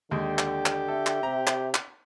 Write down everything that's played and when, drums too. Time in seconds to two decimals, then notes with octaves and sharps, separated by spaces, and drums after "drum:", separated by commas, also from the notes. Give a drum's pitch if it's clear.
0.11 D#2 D3 G#3 G4
0.39 drum: clap
0.66 drum: clap
0.88 A4 E5
1.07 drum: clap
1.23 C3 A#5
1.47 drum: clap
1.74 drum: clap